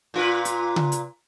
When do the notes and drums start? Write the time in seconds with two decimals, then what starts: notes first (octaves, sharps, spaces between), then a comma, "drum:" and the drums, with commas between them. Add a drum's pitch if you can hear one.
0.14 A#2 F4 B4
0.45 drum: hi-hat
0.76 drum: tom C#3
0.92 drum: hi-hat